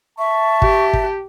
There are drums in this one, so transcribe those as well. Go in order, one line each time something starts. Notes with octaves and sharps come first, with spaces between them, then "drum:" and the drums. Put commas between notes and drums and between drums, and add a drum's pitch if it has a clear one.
E5 A5 C#6
G4, drum: kick
drum: kick